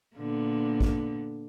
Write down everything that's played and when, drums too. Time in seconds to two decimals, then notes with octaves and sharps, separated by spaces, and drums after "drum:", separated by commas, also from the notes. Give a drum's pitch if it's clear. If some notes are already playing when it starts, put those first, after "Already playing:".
0.16 A#2 D3 B3
0.81 drum: kick A1